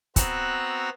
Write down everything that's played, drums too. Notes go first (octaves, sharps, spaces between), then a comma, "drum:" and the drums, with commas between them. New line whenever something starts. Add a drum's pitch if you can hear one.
B3 C4 F#4 A#5 E6 F#6, drum: kick, hi-hat